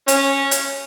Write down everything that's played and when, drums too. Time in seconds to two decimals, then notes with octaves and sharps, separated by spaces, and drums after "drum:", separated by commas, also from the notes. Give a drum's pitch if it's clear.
0.08 C#4, drum: hi-hat
0.51 drum: hi-hat